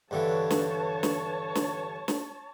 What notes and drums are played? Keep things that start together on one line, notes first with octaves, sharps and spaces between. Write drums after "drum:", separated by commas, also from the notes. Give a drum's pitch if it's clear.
G2 D3 E3 C#5 A5
drum: snare
drum: snare
drum: snare
drum: snare